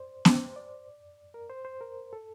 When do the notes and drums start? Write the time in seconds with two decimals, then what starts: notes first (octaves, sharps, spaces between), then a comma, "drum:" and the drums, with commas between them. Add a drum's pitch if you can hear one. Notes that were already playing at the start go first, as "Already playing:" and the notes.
Already playing: C5 D5
0.25 C5, drum: snare B3
0.56 D5
1.34 A#4
1.49 C5
1.65 C5
1.81 A#4
2.13 A4